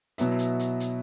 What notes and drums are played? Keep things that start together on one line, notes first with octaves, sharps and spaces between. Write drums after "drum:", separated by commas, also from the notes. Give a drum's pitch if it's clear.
B2 F#3 B3 E4 E5, drum: hi-hat
drum: hi-hat
drum: hi-hat
drum: hi-hat